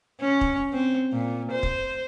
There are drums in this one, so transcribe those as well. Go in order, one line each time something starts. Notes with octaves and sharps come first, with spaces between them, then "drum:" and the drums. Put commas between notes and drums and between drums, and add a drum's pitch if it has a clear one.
C#4
drum: kick
C4
A#2
C5
drum: kick